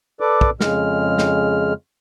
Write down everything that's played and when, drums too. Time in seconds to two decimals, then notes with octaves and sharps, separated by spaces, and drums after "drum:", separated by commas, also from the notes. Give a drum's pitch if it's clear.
0.20 A4 B4 D5 D6
0.41 drum: kick
0.61 F2 C#3 G#3 F6, drum: snare
1.18 drum: snare